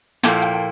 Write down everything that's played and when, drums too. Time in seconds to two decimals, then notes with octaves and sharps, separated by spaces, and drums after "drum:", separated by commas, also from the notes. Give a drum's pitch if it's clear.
0.24 A#2 F3 A#3 E4 A4 G5, drum: snare
0.33 F5
0.42 G5, drum: hi-hat
0.54 G5